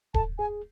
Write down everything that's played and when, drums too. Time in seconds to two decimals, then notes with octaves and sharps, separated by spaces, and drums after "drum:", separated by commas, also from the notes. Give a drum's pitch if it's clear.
0.14 A4 A5, drum: kick D1
0.38 G#4 G#5